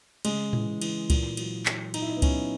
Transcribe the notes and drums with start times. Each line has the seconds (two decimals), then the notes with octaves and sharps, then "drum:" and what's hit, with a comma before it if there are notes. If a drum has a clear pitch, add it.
0.25 C#3 G#3, drum: cymbal
0.53 E3, drum: tom A2
0.82 E3, drum: cymbal
1.10 A#2, drum: kick C#2, cymbal
1.37 F#3, drum: cymbal
1.66 F#3, drum: clap
1.94 A#2 D#4, drum: cymbal
2.02 E4
2.09 D#4
2.17 B3
2.22 F#3 C#4, drum: kick C#2, cymbal